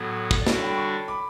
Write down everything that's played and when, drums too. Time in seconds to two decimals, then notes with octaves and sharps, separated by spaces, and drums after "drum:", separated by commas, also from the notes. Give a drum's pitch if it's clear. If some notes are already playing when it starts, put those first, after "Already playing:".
Already playing: A2 F#3 B3 F#4 A4
0.31 drum: kick
0.41 D5
0.47 D3 G3 D4 F#4 A4 C#5, drum: snare
0.62 G5 B5
0.78 A5 C#6
1.08 B5 D6